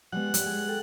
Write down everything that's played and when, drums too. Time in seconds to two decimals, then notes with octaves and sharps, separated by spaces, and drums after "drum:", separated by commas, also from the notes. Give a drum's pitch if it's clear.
0.12 G3 G#3 B3 F#5
0.34 G3, drum: hi-hat
0.46 G#3 G#4
0.69 A4 G5 F#7